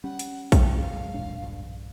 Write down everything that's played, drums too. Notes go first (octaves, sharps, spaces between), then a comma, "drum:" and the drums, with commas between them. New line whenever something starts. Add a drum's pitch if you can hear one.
G3 C#4 F#5
drum: hi-hat
F1 G#2 C3 G5, drum: kick, hi-hat
F5
F#2 G#3
E1 A#2 D4
B1 G2